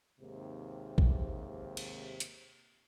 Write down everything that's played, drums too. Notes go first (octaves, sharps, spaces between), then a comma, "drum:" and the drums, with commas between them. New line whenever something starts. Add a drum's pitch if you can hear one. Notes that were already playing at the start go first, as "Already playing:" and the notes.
D#2 G#2 C3
drum: kick A#1
drum: cymbal
drum: hi-hat